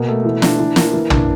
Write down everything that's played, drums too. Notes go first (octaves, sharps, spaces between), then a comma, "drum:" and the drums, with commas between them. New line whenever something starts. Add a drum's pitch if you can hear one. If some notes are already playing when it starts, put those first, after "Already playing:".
Already playing: B2 A#3
A3
E3
D4, drum: snare
E3
A#3, drum: snare
E3
D4, drum: tom